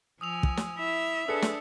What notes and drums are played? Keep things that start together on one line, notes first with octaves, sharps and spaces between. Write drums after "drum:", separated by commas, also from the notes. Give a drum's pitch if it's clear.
F3 G#5 D#6 E6 F7
drum: kick
drum: snare
E4 E5
D4 G#4 A4 B4 E6 C#7
drum: snare